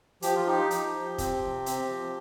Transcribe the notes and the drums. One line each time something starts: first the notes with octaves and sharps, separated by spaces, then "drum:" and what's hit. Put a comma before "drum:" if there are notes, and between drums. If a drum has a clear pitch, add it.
F3 G4, drum: hi-hat
F4
D#4 G4
D#4, drum: hi-hat
F3
C4, drum: kick, hi-hat
C3
C4, drum: hi-hat
F3